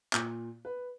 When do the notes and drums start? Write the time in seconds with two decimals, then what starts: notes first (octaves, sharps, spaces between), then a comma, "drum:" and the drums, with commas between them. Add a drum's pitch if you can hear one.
0.13 A#2, drum: clap
0.65 B4